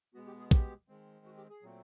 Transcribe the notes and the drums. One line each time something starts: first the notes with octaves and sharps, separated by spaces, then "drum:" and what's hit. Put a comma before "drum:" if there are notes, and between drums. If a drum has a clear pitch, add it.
B2 G#3 B3 F#4
G4
G#4
G4, drum: kick
D#3 G#3 C4
F#4
G4
G#4
A#2 F#3 A3 C4